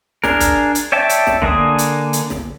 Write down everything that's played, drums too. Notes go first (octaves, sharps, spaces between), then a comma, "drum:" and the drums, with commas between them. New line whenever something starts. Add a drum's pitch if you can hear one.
D4 G#4 A#4, drum: snare
drum: kick, hi-hat
drum: hi-hat
C#5 D5 E5 G5 A5
drum: hi-hat
drum: snare
D3 A#3 D4 G#4 D#6, drum: kick
drum: hi-hat
drum: hi-hat
drum: snare